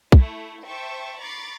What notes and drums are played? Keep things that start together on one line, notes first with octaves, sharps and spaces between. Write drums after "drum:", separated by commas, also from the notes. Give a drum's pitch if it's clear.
A3 E4, drum: kick
C5 E5 G5 A5 C#6
A#5 B5 C#6 D6 A6 C7